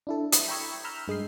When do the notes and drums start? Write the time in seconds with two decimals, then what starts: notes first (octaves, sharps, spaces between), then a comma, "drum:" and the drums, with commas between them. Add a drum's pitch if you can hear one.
0.07 D4 E4 A4
0.32 E5 B5 D#6, drum: hi-hat
0.48 G5 A#5 B5 C#6 E6 G#6
0.84 A#5 B5 E6 F6 G6
1.08 G2 G#3 D#6 C7